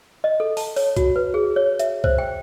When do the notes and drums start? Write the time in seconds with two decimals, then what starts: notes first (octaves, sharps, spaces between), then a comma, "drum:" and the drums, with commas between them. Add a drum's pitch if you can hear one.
0.24 D#5
0.40 A4
0.57 A5, drum: open hi-hat
0.76 C#5, drum: open hi-hat
0.96 F#4, drum: kick C2, hi-hat
1.16 B4
1.34 G#4
1.56 C#5
1.79 E5, drum: hi-hat
2.04 C5, drum: kick C2
2.18 G5